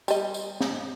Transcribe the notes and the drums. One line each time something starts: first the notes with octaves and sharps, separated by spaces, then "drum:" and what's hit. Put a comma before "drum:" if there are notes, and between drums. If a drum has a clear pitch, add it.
G3 D#5, drum: tambourine
drum: tambourine
drum: snare